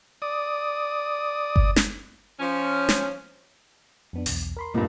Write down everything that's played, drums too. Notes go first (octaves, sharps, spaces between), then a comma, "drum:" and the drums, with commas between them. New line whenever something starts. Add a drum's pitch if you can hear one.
D5 D#6
drum: kick G1
drum: snare
F3 C#4
drum: snare
F2 B3 D4
B1 E2, drum: open hi-hat
A#4 B5 C6
G2 A#2 G3 A3 A#3 C4 D#5